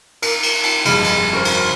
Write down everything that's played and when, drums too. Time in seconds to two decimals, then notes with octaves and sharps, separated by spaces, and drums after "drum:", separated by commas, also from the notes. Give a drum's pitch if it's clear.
0.22 A#4, drum: cymbal
0.43 drum: cymbal
0.63 drum: cymbal
0.85 F1 G2 G3 G#3, drum: cymbal
1.04 drum: cymbal
1.33 F#4 A#4 C5
1.45 drum: cymbal